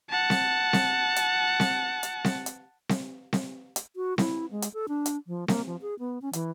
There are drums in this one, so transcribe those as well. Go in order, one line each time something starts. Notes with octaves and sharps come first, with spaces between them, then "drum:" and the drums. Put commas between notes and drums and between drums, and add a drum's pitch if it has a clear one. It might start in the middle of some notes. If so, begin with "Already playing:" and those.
F#5 A5
drum: snare C4
drum: snare C4
drum: hi-hat
drum: snare C4
drum: hi-hat
drum: snare C4
drum: hi-hat
drum: snare C4
drum: snare C4
drum: hi-hat
F#4
E4, drum: snare C4
G#3
drum: hi-hat
A4
D4
drum: hi-hat
F3
A#3, drum: snare C4
F3
G#4
B3
C#4
E3, drum: hi-hat